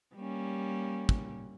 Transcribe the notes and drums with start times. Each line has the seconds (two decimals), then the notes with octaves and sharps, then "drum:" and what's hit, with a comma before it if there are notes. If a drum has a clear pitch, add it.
0.15 G3 A#3 C#4
1.09 drum: kick